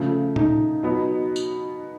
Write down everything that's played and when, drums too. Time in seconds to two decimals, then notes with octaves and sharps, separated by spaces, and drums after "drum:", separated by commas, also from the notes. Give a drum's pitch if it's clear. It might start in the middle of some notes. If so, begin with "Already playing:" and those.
Already playing: C#3 F3 A3 D4
0.36 D#4, drum: tom A#2
0.83 B2 F#3 B3
1.36 drum: tambourine